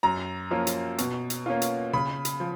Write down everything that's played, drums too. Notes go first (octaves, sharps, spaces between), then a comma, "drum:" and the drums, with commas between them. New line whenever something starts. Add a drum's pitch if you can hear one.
F#2 A#5
F3 A#3 C#4 F4
drum: hi-hat
B2, drum: hi-hat
drum: hi-hat
A#3 C#4 F4
drum: hi-hat
C#3 B5
drum: hi-hat
F3